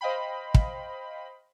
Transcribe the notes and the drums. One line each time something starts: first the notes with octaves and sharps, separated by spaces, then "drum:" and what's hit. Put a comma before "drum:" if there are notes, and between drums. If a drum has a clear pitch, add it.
C5 D#5 F5 G5 B5
drum: kick